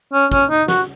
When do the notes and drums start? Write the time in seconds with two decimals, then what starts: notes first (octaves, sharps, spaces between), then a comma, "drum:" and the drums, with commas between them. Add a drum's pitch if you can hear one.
0.13 C#4
0.32 C#4, drum: kick, hi-hat
0.50 D#4
0.68 F#4, drum: snare